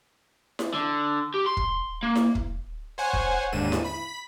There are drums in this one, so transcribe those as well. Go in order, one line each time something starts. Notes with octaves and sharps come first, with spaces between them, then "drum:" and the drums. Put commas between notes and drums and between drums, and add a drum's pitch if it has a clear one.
drum: snare E4
D3
G4
C6
drum: kick
A#3
drum: snare E4
drum: kick
C5 C#5 F#5 G#5
drum: kick
D#2 G#2 D3 D#7 E7
drum: snare E4
B5 B6